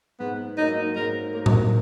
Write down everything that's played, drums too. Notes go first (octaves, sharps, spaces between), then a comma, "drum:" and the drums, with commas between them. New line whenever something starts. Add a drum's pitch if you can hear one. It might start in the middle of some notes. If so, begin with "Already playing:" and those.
G#2 B3
F#3 A#3 D#4
G#2 A#4
F#3 A#3 A#4
drum: tom A2